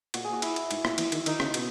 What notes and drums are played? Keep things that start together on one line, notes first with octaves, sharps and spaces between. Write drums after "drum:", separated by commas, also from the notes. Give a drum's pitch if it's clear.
A#2 F#4, drum: cymbal
G#4
F#4
E4, drum: cymbal
drum: cymbal
G#2, drum: cymbal
A#2, drum: rim click
E3, drum: cymbal
D#3, drum: cymbal
D#3 D#4, drum: cymbal
C#3, drum: rim click
B2, drum: cymbal